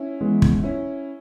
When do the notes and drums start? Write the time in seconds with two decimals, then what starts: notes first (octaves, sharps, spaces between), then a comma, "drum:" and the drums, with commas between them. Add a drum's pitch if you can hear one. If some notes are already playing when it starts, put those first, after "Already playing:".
Already playing: C#4 E4
0.21 E3 G#3 B3
0.42 drum: kick
0.63 C#4 E4